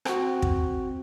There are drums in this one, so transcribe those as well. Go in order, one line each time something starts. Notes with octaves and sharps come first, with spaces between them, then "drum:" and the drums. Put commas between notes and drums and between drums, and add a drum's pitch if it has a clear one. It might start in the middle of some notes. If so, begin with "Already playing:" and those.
C4 F#4, drum: rim click
drum: kick